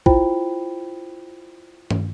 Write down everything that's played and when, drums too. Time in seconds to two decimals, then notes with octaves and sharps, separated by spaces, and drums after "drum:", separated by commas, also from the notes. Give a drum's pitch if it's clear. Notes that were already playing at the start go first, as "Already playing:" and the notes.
0.06 E4 F4 C5 G5 B5, drum: kick
1.91 drum: tom